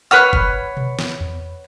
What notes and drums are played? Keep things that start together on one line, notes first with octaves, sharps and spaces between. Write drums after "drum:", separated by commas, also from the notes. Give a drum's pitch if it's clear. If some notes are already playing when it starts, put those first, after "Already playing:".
B4 C#5 F#5 B5 F6 F#6
drum: kick F#1
drum: tom B2
drum: snare
drum: tom E2